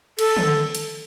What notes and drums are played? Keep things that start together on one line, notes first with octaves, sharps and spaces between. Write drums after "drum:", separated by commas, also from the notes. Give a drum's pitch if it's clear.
A4, drum: cymbal
drum: tom
drum: hi-hat